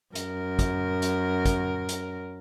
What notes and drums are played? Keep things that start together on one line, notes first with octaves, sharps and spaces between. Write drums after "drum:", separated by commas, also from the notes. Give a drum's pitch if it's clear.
F#2 A#4, drum: hi-hat
drum: kick, hi-hat
drum: hi-hat
drum: kick, hi-hat
drum: hi-hat